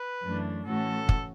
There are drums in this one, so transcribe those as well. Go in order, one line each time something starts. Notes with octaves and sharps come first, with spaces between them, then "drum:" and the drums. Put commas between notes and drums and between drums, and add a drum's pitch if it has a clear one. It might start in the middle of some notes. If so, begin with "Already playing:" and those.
Already playing: B4
F#2 E3 A3 D4
A2 E3 A3 C#4 F#4 A4
drum: kick